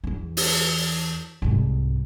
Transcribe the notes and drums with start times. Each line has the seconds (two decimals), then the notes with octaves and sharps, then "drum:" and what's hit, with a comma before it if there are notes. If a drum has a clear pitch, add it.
0.04 E2 E3
0.37 drum: open hi-hat
1.42 C2 G#2